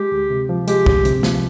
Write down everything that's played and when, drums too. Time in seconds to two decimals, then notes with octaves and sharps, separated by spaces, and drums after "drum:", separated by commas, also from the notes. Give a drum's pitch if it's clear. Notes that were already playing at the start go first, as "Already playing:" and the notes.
Already playing: G#3 G4
0.12 D2
0.30 C3
0.49 F3
0.68 G#3 G4, drum: hi-hat
0.86 D2, drum: kick
1.05 C3, drum: hi-hat
1.23 F3, drum: snare